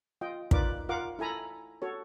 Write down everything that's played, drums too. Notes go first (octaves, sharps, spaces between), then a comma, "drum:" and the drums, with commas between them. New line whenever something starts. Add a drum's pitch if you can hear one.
F4 D#5 G5
D#4 F4 A#4 B4 D5 D6, drum: kick
F4 A#4 F5 F#5 D6
E4 A4 G#5 A#5 B5
F#4 A4 C#5